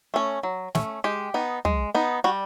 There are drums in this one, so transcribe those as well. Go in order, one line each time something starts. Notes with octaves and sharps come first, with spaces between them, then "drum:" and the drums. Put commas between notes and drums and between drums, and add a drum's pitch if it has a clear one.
A3 C#4
F#3
A3 C#4, drum: snare
G#3 G4
B3 D#4
G#3, drum: tom
B3 D#4
G3 F#4